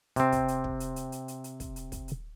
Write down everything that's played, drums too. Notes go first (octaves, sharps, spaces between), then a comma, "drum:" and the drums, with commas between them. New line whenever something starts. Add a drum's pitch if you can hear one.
C3 C4, drum: hi-hat
drum: kick, hi-hat
drum: hi-hat
drum: kick
drum: hi-hat
drum: hi-hat
drum: hi-hat
drum: hi-hat
drum: hi-hat
drum: kick, hi-hat
drum: hi-hat
drum: kick, hi-hat
drum: hi-hat